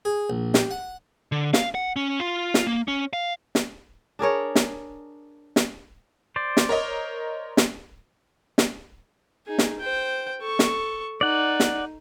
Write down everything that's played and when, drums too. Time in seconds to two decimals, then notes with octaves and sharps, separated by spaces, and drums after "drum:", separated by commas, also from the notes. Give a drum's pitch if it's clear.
0.05 G#4
0.30 A#1
0.54 G4, drum: snare
0.71 F#5
1.32 D3
1.53 F5, drum: snare
1.75 F#5
1.96 C#4
2.20 F4
2.54 drum: snare
2.67 A#3
2.88 C#4
3.13 F5
3.55 drum: snare
4.19 D4 G#4 A#4 C#5
4.55 drum: snare
5.56 drum: snare
6.36 C5 D5
6.57 drum: snare
6.69 A#4 C#5 D#5
7.57 drum: snare
8.58 drum: snare
9.46 D#4 G#4
9.59 drum: snare
9.80 C5 G5
10.41 A4 C#6
10.59 drum: snare
11.21 D#4 D5 F#5
11.60 drum: snare